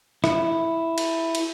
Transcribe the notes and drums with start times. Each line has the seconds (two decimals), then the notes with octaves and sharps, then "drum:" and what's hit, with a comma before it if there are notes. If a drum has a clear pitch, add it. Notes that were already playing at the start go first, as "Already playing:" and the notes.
0.24 E4, drum: rim click
0.98 drum: cymbal
1.35 drum: cymbal